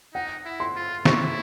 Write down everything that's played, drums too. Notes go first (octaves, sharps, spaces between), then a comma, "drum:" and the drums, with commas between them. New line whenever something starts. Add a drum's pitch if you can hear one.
D#4 F#5
E4
C6
F4
E4 C#6, drum: snare